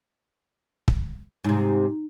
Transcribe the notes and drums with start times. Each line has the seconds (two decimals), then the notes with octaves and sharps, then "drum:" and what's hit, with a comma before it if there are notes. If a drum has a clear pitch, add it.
0.88 drum: kick
1.44 G#2 C3 D#4